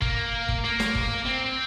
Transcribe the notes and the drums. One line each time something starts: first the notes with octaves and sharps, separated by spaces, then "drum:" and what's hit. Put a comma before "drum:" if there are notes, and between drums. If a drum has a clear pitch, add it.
A#3, drum: kick G1
drum: kick G1
A#3
drum: snare
drum: kick G1
C4